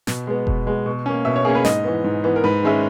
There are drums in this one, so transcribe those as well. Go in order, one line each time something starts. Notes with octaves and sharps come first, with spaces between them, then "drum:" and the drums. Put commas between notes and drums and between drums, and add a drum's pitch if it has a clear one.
B2, drum: snare
G#3 B3
B2, drum: kick F1
G#3 B3
B2
A#3 C#4
B2 E5
C#5
A#3 C#4 G#4
B4
G#2 D#5, drum: snare
E3 B3
G#2
E3 B3
A#4
G#2 B4
D#3 G#3 C#4 E5